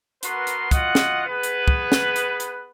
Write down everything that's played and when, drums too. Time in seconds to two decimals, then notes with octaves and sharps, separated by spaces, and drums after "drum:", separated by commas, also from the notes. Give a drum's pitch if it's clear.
0.23 B3 F#4 A#4 B4 C6, drum: hi-hat
0.47 drum: hi-hat
0.71 F4 F#4 D#5 F#5, drum: kick, hi-hat
0.95 drum: snare
1.26 B3 G#4 B4
1.43 drum: hi-hat
1.68 drum: kick
1.92 drum: snare
2.16 drum: hi-hat
2.40 drum: hi-hat